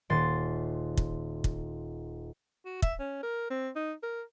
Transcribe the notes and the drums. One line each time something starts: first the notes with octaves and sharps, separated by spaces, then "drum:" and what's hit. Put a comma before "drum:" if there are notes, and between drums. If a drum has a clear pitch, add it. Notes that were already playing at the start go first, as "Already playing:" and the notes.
D#1 C6 A6
drum: kick
drum: kick
F#4
E5, drum: kick
C#4
A#4
C4
D#4
A#4